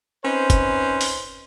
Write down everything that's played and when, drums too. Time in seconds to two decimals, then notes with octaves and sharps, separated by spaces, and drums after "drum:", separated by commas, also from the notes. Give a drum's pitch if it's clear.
0.24 C4 C#4 D#4 B4 C5
0.50 drum: kick F#1, hi-hat
1.01 drum: open hi-hat